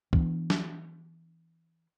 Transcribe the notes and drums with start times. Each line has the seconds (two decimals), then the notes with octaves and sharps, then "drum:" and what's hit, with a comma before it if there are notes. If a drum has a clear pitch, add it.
0.13 E3 B3 D4, drum: kick
0.50 drum: snare